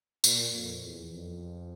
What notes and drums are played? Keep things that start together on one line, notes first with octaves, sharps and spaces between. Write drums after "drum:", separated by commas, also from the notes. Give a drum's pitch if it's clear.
A#2, drum: tambourine
F2
E2
F2